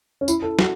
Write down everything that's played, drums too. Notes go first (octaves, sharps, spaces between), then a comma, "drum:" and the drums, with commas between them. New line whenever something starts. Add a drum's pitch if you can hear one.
C#4
E4, drum: tambourine
A4
F#4, drum: snare